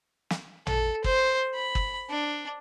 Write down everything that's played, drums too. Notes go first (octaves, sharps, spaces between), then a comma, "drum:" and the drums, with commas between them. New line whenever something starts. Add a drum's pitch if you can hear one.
drum: snare
A4, drum: tom A1
C5, drum: kick G1
B5
drum: kick G1
D4